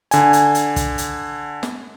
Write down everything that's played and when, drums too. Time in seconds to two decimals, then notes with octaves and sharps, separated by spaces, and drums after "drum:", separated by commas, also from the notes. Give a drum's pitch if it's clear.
0.11 D3 G#5, drum: hi-hat
0.33 drum: hi-hat
0.55 drum: hi-hat
0.76 drum: kick, hi-hat
0.98 drum: hi-hat
1.63 drum: snare